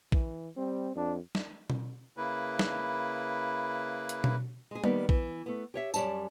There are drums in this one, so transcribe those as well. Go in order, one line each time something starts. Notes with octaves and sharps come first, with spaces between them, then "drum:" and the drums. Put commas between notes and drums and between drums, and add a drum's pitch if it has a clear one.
E3, drum: kick A#1
G3 C4
F2 D4
drum: snare
drum: tom B2
C#3 A#3 E4 B4
drum: snare
drum: hi-hat
drum: tom B2
G#3 G#4
D#3 G3 A#3 B3, drum: tom G3
E3, drum: kick A#1
A3 B3
G4 C#5 E5
F#2 F3 G3 C#5 A5, drum: tambourine